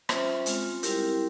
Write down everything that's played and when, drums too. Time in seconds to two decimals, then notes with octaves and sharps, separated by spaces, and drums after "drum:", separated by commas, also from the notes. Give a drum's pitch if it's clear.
0.09 G3 C#4 F4 C5 E5, drum: rim click
0.46 G#3 C4 F4, drum: hi-hat
0.83 G3 C4 E4 G4 A#4, drum: hi-hat